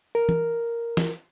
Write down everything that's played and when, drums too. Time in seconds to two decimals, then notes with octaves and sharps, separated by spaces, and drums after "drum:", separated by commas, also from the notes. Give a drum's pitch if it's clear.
0.15 A#4
0.29 drum: tom
0.97 drum: snare E3